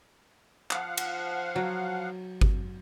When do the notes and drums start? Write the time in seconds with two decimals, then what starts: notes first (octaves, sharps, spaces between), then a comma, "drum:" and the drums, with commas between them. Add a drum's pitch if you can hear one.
0.71 F3 F5 F#5, drum: clap
0.97 drum: cymbal
1.55 F#3
2.41 drum: kick G1